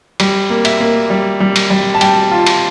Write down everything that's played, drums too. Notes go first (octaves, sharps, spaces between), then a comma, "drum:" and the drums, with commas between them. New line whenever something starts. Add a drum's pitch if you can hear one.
G3, drum: cymbal
A#3
E5, drum: cymbal
A#3
G3
G3
drum: cymbal
G3
A5
G3 G5, drum: cymbal
F4 A5
drum: cymbal